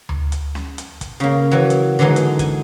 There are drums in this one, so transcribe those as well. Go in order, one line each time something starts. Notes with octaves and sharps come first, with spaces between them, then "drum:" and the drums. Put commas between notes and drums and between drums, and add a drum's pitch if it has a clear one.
drum: tom D2
drum: hi-hat
drum: snare C#4
drum: hi-hat
drum: kick, hi-hat
C#3 A#3
E3 F#3
drum: hi-hat
D3 E3 F#3 G#3 D#4
drum: hi-hat
G#5, drum: kick, hi-hat